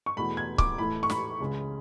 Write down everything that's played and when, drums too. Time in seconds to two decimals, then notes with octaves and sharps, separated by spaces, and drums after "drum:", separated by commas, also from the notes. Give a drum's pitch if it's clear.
0.06 C#6
0.16 E2 B2 A3 B5
0.37 G#6
0.58 D6, drum: kick C#1
0.78 A2 E3 A3 B5
1.03 C#6
1.10 B5, drum: snare
1.40 C#2 C#3 G#3